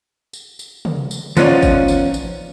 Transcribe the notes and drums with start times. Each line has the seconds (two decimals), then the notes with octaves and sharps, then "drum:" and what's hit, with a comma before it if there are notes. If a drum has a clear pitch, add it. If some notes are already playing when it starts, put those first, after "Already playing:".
0.33 drum: tambourine
0.59 drum: tambourine
0.85 drum: tom
1.11 drum: tambourine
1.37 F3 B3 C#4 D#4 F4 D5, drum: tambourine
1.62 drum: kick G#1, tambourine
1.88 drum: tambourine
2.14 drum: tambourine